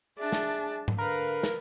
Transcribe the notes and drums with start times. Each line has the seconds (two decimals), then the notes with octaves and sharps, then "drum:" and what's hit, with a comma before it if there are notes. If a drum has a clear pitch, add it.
0.19 D4 G#4 E5 A5
0.32 drum: snare
0.88 drum: tom G#2
0.98 D3 A#4 B4 F5
1.43 drum: snare